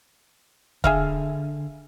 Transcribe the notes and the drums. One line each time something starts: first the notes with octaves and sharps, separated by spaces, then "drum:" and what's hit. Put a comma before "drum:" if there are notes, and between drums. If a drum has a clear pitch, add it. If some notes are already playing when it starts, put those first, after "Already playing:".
D3 G#4 E5 F5, drum: kick